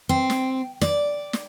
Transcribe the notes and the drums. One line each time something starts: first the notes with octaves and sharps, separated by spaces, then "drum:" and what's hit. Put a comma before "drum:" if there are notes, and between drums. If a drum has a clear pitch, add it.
C4
drum: snare
D5, drum: snare
drum: snare